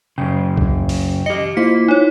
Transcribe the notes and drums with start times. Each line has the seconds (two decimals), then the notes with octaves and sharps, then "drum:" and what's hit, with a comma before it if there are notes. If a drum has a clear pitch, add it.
0.18 F#2 C#3 G5
0.57 drum: kick C2
0.89 drum: open hi-hat
1.26 G4 D#5 C#7
1.57 A#3 E4 F4 C5 B6
1.88 D#4 C#5